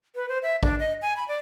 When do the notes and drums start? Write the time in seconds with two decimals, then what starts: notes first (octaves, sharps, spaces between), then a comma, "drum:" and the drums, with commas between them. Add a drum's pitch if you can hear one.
0.15 B4
0.29 C5
0.43 E5
0.63 D4, drum: kick
0.79 D#5
1.02 G#5
1.17 B5
1.28 D5